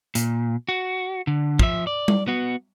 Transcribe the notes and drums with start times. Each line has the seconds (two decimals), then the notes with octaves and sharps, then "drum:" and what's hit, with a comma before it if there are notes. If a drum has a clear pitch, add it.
0.15 A#2, drum: hi-hat
0.69 F#4
1.27 D3
1.59 F3 E5, drum: kick
1.87 D5
2.08 drum: tom G3
2.28 B3 F#4